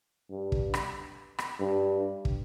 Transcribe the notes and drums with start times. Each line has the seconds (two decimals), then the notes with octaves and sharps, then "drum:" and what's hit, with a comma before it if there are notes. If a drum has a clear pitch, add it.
0.31 G2
0.52 drum: kick
0.74 drum: rim click
1.38 drum: rim click
1.60 G2
2.25 drum: kick